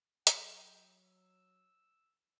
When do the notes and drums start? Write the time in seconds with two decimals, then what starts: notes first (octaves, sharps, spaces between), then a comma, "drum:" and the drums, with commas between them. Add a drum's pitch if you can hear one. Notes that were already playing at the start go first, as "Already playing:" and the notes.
0.27 F#3 G5, drum: hi-hat
1.05 E6